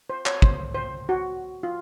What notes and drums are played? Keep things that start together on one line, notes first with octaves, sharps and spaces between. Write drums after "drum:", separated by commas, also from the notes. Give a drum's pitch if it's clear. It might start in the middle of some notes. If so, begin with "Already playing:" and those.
C5
C#5, drum: clap
C5, drum: kick
C5
F#4
F4